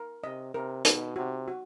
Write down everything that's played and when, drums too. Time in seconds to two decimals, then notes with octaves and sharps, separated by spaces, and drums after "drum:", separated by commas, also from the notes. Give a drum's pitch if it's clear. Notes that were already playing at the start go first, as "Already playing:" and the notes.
Already playing: A#4
0.24 C3 D#5
0.54 C3 A#4
0.85 B2 D#4, drum: hi-hat
1.16 C3 F#4
1.48 F#4